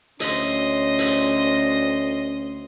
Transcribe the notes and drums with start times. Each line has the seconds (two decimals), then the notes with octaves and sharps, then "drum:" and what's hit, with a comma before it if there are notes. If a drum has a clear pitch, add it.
0.20 D2 C#4 D#5 C6, drum: hi-hat
0.99 drum: hi-hat